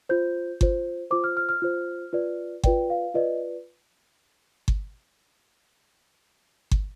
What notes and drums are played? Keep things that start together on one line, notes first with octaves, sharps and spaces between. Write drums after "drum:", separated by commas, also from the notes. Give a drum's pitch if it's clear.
F4 C5 G6
F4 C5, drum: kick G1
F4 C5 D6
F6
F6
F6
F4 C5
F4 B4 D5
F4 B4 D5 G5, drum: kick G1
F5
F4 B4 D5 D#5
drum: kick G1
drum: kick G1